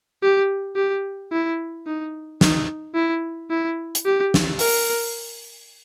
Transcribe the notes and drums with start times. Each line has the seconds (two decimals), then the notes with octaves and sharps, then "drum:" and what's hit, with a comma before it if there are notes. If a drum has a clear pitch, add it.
0.23 G4
0.76 G4
1.32 E4
1.86 D#4
2.41 D#4, drum: snare
2.95 E4
3.50 E4
3.95 drum: hi-hat
4.05 G4
4.34 drum: snare
4.59 A#4, drum: open hi-hat